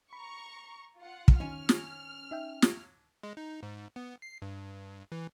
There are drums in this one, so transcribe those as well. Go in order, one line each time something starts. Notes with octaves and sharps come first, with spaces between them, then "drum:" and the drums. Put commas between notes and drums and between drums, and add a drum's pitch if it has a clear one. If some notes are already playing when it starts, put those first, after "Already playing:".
A#5 B5 C#6
F4 F#5
drum: kick
D#3 C#4 D#4 G#5 F6
drum: snare
D#4 E5 G5
drum: snare
G#3
D#4
G#2
B3
C7
G2
E3